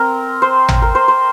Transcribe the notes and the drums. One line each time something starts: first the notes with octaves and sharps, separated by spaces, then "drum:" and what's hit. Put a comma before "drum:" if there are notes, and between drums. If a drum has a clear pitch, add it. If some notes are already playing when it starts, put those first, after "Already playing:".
Already playing: C4 A#4
C5
drum: tom
A#4
C5
C5